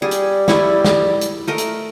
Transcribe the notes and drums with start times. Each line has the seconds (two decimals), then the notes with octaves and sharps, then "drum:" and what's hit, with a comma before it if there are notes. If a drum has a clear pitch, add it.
0.02 G3 G#4
0.11 drum: hi-hat
0.48 E4 C#5, drum: snare
0.85 drum: snare
1.21 drum: hi-hat
1.47 A3 A#4 D#5
1.58 drum: hi-hat